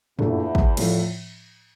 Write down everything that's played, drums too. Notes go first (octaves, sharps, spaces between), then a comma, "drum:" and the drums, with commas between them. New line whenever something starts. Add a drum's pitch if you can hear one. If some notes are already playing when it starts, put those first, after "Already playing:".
E2 A#2 A3 D4, drum: tom F#2
drum: kick
A2 F3 A3, drum: cymbal